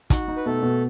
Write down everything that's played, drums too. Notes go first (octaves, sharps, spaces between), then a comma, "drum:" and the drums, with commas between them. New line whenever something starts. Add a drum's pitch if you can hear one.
D#4 F#4, drum: kick, hi-hat
D#4
B4
B2 A3 A4
B2